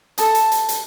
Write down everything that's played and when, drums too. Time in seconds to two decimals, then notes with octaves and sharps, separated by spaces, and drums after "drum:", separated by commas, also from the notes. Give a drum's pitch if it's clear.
0.18 A4 A5 D#6, drum: hi-hat
0.35 drum: hi-hat
0.52 drum: hi-hat
0.69 drum: hi-hat